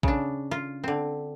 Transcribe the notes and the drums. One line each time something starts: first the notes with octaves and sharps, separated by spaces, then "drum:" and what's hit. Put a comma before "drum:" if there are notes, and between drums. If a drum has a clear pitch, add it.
C#3 D4, drum: kick A#1
F4
D3 C4